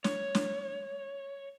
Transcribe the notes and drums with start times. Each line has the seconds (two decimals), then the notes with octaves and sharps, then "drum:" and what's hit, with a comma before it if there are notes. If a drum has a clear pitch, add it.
0.04 C#5, drum: snare
0.35 drum: snare